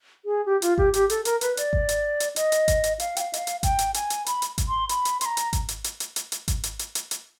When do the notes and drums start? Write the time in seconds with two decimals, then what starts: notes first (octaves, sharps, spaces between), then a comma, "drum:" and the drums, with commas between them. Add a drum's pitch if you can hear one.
0.25 G#4
0.46 G4
0.62 F4, drum: hi-hat
0.78 G4, drum: kick G#1
0.94 G4, drum: hi-hat
1.10 A4, drum: hi-hat
1.25 A#4, drum: hi-hat
1.41 B4, drum: hi-hat
1.57 D5, drum: hi-hat
1.73 drum: kick G#1
1.89 drum: hi-hat
2.20 drum: hi-hat
2.36 D#5, drum: hi-hat
2.52 drum: hi-hat
2.68 drum: kick G#1, hi-hat
2.84 drum: hi-hat
3.00 F5, drum: hi-hat
3.17 G5, drum: hi-hat
3.21 F5
3.34 D#5, drum: hi-hat
3.38 F5
3.47 drum: hi-hat
3.63 G5, drum: kick G#1, hi-hat
3.79 drum: hi-hat
3.94 G#5, drum: hi-hat
4.10 drum: hi-hat
4.26 B5, drum: hi-hat
4.42 drum: hi-hat
4.58 drum: kick G#1, hi-hat
4.68 C6
4.89 B5, drum: hi-hat
5.05 drum: hi-hat
5.21 C6, drum: hi-hat
5.26 A#5
5.37 drum: hi-hat
5.53 drum: kick G#1, hi-hat
5.69 drum: hi-hat
5.84 drum: hi-hat
6.00 drum: hi-hat
6.16 drum: hi-hat
6.32 drum: hi-hat
6.48 drum: kick G#1, hi-hat
6.64 drum: hi-hat
6.79 drum: hi-hat
6.95 drum: hi-hat
7.11 drum: hi-hat